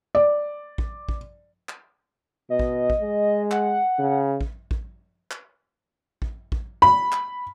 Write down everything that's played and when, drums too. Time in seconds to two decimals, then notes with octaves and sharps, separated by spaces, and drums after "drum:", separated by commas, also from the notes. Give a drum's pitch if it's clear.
0.15 D5
0.78 drum: kick A1
1.09 drum: kick A1
1.69 drum: clap
2.50 B2 D#5
2.59 drum: kick A1
2.90 drum: kick A1
3.01 G#3
3.51 F#5, drum: clap
3.99 C#3
4.41 drum: kick A1
4.71 drum: kick A1
5.31 drum: clap
6.22 drum: kick A1
6.52 drum: kick A1
6.82 B5
7.12 drum: clap